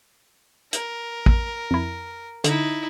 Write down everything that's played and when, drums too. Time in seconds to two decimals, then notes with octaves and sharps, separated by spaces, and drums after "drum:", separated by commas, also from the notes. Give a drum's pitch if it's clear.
0.73 A#4, drum: hi-hat
1.26 drum: kick
1.71 F2 E4
2.44 D3 D#4 E4, drum: hi-hat